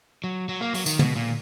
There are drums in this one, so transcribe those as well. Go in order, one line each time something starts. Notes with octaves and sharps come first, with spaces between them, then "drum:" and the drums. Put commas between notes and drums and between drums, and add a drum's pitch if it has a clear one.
F#3
F#3
A#3
F#3, drum: open hi-hat
D#3, drum: tambourine
B2, drum: tom
A#2